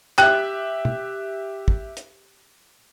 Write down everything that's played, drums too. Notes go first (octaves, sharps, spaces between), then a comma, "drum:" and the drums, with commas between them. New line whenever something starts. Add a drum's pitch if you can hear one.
G4 E5 G5 F#6, drum: clap
drum: tom
drum: kick
drum: hi-hat